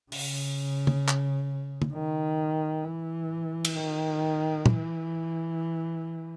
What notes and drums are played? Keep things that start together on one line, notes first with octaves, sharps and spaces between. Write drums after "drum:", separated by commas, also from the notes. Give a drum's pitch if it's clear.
C#3, drum: open hi-hat
drum: tom
drum: clap
drum: tom
D#3
E3
drum: cymbal
D#3
E3, drum: tom